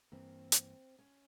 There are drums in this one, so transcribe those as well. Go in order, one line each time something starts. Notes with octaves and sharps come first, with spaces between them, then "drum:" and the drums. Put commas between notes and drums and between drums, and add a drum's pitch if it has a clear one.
G2 E3 A#3 C4
drum: hi-hat
C#4